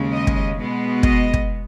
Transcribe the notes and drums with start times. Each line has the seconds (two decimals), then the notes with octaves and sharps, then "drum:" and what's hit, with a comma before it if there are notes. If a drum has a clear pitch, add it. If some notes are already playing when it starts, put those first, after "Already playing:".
Already playing: D#2 C#3 G#3
0.12 D#5
0.27 drum: kick
0.57 B2 G#3 B3
1.03 D#5, drum: kick
1.33 drum: kick